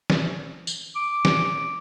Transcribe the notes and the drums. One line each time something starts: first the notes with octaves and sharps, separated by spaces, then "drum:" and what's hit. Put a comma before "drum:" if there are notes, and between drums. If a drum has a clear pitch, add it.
drum: snare
drum: tambourine
D6
drum: snare